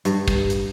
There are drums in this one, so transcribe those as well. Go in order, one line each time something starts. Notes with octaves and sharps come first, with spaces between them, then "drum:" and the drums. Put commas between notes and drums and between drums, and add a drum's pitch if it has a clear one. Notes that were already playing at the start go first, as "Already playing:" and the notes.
G2, drum: hi-hat
drum: kick, hi-hat
drum: hi-hat